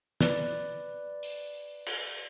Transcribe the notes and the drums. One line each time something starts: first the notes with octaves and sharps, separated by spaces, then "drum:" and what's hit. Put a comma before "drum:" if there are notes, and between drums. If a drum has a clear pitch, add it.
B4 D5, drum: snare
drum: open hi-hat
drum: cymbal